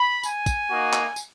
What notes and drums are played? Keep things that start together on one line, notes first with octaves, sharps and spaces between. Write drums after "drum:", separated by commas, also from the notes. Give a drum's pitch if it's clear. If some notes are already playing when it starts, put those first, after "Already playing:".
Already playing: B5
G#5, drum: tambourine
drum: kick, tambourine
A#3 D#4 F#4
drum: clap
drum: tambourine